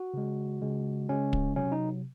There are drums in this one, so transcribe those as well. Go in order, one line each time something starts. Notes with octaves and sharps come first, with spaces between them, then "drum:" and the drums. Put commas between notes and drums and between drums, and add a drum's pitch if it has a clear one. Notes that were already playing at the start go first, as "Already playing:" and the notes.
Already playing: F#4
C#3 G#3
C#3 G#3
C#3 G#3 C#4
drum: kick
C3 F#3 C#4
D#4